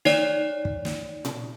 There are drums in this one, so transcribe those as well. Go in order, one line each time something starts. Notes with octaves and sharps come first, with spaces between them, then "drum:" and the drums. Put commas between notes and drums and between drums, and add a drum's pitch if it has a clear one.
D#4 C#5 D5, drum: snare
drum: kick
drum: snare
drum: tom A#2